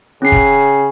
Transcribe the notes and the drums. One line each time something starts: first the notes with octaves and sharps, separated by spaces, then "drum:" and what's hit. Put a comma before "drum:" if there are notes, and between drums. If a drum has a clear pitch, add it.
C#3 C#4 C7
drum: kick